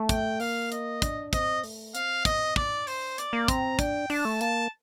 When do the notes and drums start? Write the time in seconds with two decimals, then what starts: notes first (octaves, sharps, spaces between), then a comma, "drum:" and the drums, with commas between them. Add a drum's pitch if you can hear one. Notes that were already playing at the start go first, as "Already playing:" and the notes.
Already playing: A3
0.09 G5, drum: kick, hi-hat
0.40 A#3 F5, drum: open hi-hat
0.72 D#5, drum: hi-hat
1.02 D4, drum: kick, hi-hat
1.33 C4 D#5, drum: kick, hi-hat
1.64 A3, drum: open hi-hat
1.95 C4 F5, drum: hi-hat
2.25 D#5, drum: kick, hi-hat
2.56 D#4 D5, drum: kick
2.87 D4 C5, drum: open hi-hat
3.18 D5, drum: hi-hat
3.33 A#3
3.48 C4 A#5, drum: kick, hi-hat
3.79 D4 G5, drum: kick, hi-hat
4.10 D4 A5, drum: open hi-hat
4.25 A3
4.41 A#3 A5, drum: hi-hat